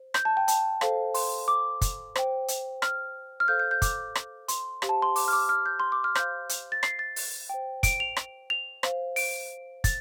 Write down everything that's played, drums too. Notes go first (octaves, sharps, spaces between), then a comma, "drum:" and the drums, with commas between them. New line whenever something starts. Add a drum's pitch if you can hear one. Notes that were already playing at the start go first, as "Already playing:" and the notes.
Already playing: C5
G6, drum: rim click
A5
G5
A5, drum: hi-hat
A4 C5 F5, drum: rim click
C6, drum: open hi-hat
D6
drum: kick, hi-hat
C5 G5, drum: rim click
drum: hi-hat
F6, drum: rim click
F6
A4 C5 F5 G6
G6
G6
D6, drum: kick, hi-hat
drum: rim click
C6, drum: hi-hat
G4 C5 F5, drum: rim click
A5
C6
D6, drum: open hi-hat
F6
D6
F6
G6
C6
D6
F6
C5 F5 G6, drum: rim click
drum: hi-hat
A6
C7, drum: rim click
A6
drum: open hi-hat
C5 G5
D7, drum: kick, hi-hat
F7
drum: rim click
F7
C5 F5, drum: rim click
D7, drum: open hi-hat
A6, drum: kick, hi-hat